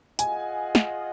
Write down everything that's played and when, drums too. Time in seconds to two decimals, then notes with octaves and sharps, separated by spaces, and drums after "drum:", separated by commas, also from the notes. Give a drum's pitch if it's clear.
0.19 F4 G#4 D#5 F#5 G#5, drum: hi-hat
0.75 drum: snare